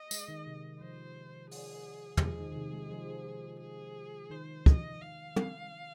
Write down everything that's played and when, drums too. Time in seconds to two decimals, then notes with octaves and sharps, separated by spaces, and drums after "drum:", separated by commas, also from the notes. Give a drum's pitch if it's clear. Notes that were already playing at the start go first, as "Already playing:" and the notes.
Already playing: D#5
0.11 G#3, drum: tambourine
0.28 D#3
0.47 C3
0.81 F3 C5
1.51 G#4, drum: open hi-hat
2.17 G#3, drum: tom
2.21 F3 G#4
2.39 D#3
2.52 D#3
2.55 C3
2.73 G#3
2.91 F3
3.60 G#4
4.30 D#3 C5
4.66 D#5, drum: kick
5.00 F5
5.36 drum: tom